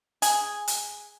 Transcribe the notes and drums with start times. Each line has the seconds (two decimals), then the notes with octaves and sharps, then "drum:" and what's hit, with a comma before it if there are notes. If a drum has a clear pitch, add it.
0.22 G#4, drum: hi-hat
0.68 drum: hi-hat